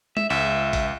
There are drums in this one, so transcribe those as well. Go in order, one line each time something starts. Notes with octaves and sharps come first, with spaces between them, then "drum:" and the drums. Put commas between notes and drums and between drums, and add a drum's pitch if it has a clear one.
E5, drum: tom G#3
C#2 E5
drum: kick, open hi-hat